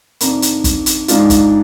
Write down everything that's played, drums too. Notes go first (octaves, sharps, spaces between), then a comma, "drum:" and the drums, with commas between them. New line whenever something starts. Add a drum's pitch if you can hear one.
F2 C3 D#3 A#3 D4 A#5, drum: hi-hat
drum: hi-hat
drum: kick, hi-hat
drum: hi-hat
G#2 D#3 G#3 D4 F4, drum: hi-hat
drum: kick, hi-hat